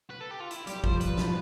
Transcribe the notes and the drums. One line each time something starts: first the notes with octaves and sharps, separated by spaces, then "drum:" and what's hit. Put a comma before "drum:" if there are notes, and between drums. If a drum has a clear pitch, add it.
B4
A4
G4
F4
E4, drum: hi-hat
G3 G4, drum: hi-hat
F3 C5, drum: kick G#1
B4, drum: hi-hat
F3, drum: snare